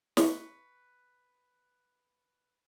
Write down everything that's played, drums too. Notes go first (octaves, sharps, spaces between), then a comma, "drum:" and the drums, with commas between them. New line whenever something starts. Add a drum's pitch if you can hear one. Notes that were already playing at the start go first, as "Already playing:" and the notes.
B4 C#6, drum: snare